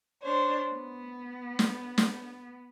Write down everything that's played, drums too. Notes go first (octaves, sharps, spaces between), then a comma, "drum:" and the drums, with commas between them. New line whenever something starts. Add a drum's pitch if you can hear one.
D4 C5 C#5
B3
drum: snare
drum: snare